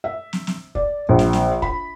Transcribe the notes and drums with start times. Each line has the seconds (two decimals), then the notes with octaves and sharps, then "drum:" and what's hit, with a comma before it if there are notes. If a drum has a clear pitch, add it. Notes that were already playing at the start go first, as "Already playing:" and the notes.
0.04 E5
0.33 drum: snare
0.47 drum: snare
0.75 D5, drum: kick
1.09 A#1
1.19 drum: snare
1.33 drum: snare
1.62 B5, drum: kick